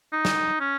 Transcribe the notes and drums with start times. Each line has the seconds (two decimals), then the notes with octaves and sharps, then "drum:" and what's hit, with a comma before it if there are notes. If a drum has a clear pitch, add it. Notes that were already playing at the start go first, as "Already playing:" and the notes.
0.13 D#4
0.25 drum: snare
0.60 C#4